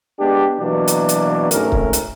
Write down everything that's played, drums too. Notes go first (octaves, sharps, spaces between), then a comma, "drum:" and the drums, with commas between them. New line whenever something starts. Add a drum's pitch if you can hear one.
G#3 B3 D4 G4
B2 E3 F#3 A#3 D4
drum: hi-hat
drum: hi-hat
G#1 G#2 A3 C#4 A#4, drum: hi-hat
drum: kick C#1
drum: hi-hat